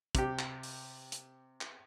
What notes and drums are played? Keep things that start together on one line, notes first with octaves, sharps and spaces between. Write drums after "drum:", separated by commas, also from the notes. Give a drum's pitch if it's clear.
C3 G4, drum: kick, hi-hat
drum: clap
drum: open hi-hat
drum: hi-hat
drum: clap